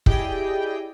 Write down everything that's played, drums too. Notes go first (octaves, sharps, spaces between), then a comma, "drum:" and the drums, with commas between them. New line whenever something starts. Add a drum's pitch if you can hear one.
E4 G4 G#4 D5 D#5 G5, drum: kick